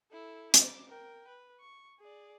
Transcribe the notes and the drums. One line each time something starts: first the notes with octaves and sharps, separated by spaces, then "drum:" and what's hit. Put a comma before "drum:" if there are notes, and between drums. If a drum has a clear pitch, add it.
E4 A4
D6, drum: hi-hat
A#4 G5
B4
C#6
G#4 D5